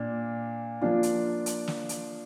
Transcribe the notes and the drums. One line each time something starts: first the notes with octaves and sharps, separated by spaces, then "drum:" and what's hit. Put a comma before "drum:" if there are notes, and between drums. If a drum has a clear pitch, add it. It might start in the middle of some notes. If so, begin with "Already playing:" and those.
Already playing: A#2 D4
F3 A#3 D4 F4
drum: hi-hat
drum: hi-hat
drum: snare
drum: hi-hat